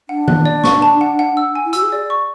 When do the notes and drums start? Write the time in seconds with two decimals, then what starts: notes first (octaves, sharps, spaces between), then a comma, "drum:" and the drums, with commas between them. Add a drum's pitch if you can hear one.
0.09 D4 F#5
0.28 F#6, drum: tom D#3
0.46 D5
0.64 C#6, drum: snare
0.82 A5
1.01 F#5
1.19 F#5
1.37 E6
1.55 G#5
1.65 E4
1.73 F#4 E6, drum: hi-hat
1.83 G#4
1.92 D5
2.10 C#6